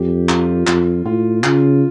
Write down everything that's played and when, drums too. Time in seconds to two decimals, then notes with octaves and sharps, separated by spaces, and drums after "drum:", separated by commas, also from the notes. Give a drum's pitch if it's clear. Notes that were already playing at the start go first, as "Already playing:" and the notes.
Already playing: F2 G4
0.29 F4, drum: clap
0.67 F2, drum: clap
1.05 A2 F4
1.44 C#3 F4, drum: clap